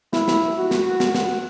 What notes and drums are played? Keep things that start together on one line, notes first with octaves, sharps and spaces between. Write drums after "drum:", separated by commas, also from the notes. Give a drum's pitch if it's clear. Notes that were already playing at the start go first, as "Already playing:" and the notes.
E4, drum: snare
drum: snare
F#4
drum: snare
drum: snare
drum: snare